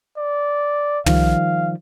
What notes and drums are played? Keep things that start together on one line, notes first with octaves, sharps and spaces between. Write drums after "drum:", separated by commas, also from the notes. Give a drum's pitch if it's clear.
D5
D#3 F3 G3 F5, drum: tom